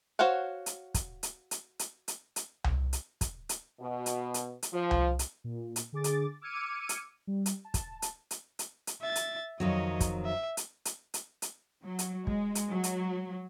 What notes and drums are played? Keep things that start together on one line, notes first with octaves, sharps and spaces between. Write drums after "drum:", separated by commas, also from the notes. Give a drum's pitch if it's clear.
F#4 C5 C#5 F5 F#5
drum: hi-hat
drum: kick, hi-hat
drum: hi-hat
drum: hi-hat
drum: hi-hat
drum: hi-hat
drum: hi-hat
drum: tom C2
drum: hi-hat
drum: kick, hi-hat
drum: hi-hat
B2
drum: hi-hat
drum: hi-hat
drum: hi-hat
F3
drum: tom C2
drum: hi-hat
A#2
drum: hi-hat
D3 G#4 D6 A6
drum: hi-hat
D6 E6 F6 G#6 C#7 D#7
drum: hi-hat
G3
drum: hi-hat
A5
drum: kick, hi-hat
drum: hi-hat
drum: hi-hat
drum: hi-hat
drum: hi-hat
E5 A6
drum: hi-hat
F2 D#3 F#3 C#5 D#5
drum: kick, hi-hat
E5
drum: hi-hat
drum: hi-hat
drum: hi-hat
drum: hi-hat
F#3
drum: hi-hat
G#3, drum: kick
drum: hi-hat
F#3
drum: hi-hat